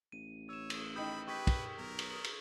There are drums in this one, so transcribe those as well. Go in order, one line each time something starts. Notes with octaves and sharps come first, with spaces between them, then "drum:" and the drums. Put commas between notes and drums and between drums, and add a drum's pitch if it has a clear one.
A1 D#7
C#5 E6 E7
drum: cymbal
D#3 C4 B5 D#6 G6
G4 B4 C#6 G#6 B6
drum: kick, cymbal
B1 A#4
drum: cymbal
drum: cymbal